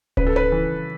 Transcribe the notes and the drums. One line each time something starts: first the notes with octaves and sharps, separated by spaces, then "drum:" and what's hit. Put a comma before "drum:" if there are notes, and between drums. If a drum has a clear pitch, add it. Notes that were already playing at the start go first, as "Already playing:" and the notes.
C#3 B4, drum: kick D1
A4
B4
E3